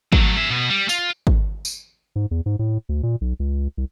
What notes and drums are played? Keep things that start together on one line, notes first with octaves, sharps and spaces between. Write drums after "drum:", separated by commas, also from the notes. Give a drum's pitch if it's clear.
F#3 A3, drum: kick
G#4 E5
B2 B3
G3
F4, drum: tambourine
drum: kick
drum: tambourine
G#2
E2
G#2
A2
D2
A#2
B1
C#2
C2